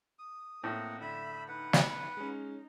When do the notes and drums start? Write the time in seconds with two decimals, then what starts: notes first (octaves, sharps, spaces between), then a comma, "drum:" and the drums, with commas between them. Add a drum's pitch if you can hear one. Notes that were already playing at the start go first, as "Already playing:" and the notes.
0.19 D#6
0.64 A2 A#3 C4 D#5 F#5
1.01 D3 E5 B5
1.48 D#4 B4 F#5
1.73 drum: snare
2.17 G#3 C#4 D#4